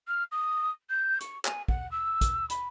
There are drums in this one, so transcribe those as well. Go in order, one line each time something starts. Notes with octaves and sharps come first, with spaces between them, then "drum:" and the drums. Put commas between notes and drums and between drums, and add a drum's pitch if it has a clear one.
F6
D#6
G6
C#6, drum: hi-hat
G#5, drum: clap
F#5, drum: kick
E6
drum: kick, hi-hat
B5, drum: hi-hat